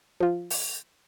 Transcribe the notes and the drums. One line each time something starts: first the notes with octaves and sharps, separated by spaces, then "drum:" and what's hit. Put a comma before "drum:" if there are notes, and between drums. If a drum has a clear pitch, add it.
F3 F4
drum: open hi-hat